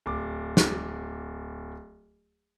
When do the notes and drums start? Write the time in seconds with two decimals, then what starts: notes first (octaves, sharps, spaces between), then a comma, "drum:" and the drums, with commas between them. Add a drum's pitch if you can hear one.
0.06 D1 D6
0.57 drum: snare